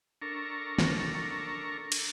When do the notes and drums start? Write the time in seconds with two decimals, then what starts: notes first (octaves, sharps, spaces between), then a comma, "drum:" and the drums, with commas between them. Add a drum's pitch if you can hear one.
0.22 D4 A4 A#4 A#5 C#6
0.79 drum: snare
1.92 drum: cymbal